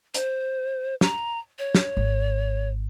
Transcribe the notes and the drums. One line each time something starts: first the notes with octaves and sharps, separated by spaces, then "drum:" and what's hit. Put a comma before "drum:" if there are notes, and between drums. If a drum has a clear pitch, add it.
C5, drum: hi-hat
A#5, drum: snare
C#5
drum: snare
G#1